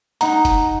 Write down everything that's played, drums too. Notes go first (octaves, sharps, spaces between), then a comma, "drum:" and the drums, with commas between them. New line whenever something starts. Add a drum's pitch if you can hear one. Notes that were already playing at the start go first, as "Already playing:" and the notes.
D#4 F#5 A#5, drum: hi-hat
drum: kick F1, hi-hat